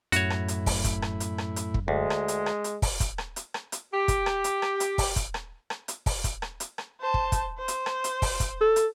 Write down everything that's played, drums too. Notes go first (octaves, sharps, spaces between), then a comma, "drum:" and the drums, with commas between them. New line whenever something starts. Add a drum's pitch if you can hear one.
F#2 A2 E4 F#4 C#5, drum: hi-hat
drum: rim click
drum: hi-hat
drum: kick, open hi-hat
drum: kick, hi-hat
drum: rim click
drum: hi-hat
drum: rim click
drum: hi-hat
drum: kick
D2 G#3
drum: rim click
drum: hi-hat
drum: rim click
drum: hi-hat
drum: kick, open hi-hat
drum: kick, hi-hat
drum: rim click
drum: hi-hat
drum: rim click
drum: hi-hat
G4
drum: kick, hi-hat
drum: rim click
drum: hi-hat
drum: rim click
drum: hi-hat
drum: kick, open hi-hat
drum: kick, hi-hat
drum: rim click
drum: rim click
drum: hi-hat
drum: kick, open hi-hat
drum: kick, hi-hat
drum: rim click
drum: hi-hat
drum: rim click
C5 A5
drum: kick
drum: kick, hi-hat
C5
drum: hi-hat
drum: rim click
drum: hi-hat
drum: kick, open hi-hat
drum: kick, hi-hat
A4
drum: hi-hat